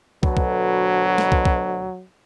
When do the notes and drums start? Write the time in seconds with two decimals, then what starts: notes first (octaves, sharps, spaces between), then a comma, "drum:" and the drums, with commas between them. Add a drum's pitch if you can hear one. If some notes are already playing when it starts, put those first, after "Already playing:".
0.23 D2 B2 F#3, drum: kick
0.37 drum: kick
1.18 drum: snare
1.32 drum: kick
1.45 drum: kick